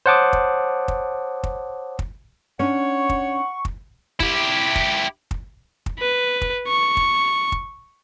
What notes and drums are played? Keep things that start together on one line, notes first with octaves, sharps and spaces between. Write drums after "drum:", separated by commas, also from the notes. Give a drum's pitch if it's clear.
C5 C#5 F#5 A5 D6 D#6
drum: kick
drum: kick
drum: kick
drum: kick
C#4 D4 C#5 F#5 C#6
drum: kick
drum: kick
E4 G4, drum: kick
drum: kick
drum: kick
drum: kick
B4
drum: kick
C#6
drum: kick
drum: kick